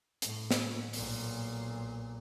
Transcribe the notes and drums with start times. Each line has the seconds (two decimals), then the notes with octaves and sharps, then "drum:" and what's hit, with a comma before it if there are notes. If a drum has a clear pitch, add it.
0.22 A2, drum: hi-hat
0.51 drum: snare
0.93 B1 A#2, drum: open hi-hat